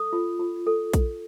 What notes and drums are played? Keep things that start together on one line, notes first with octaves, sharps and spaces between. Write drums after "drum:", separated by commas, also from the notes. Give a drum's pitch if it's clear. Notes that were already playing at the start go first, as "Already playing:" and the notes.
Already playing: A4 D#6
F4
F4
A4
drum: kick A#1, hi-hat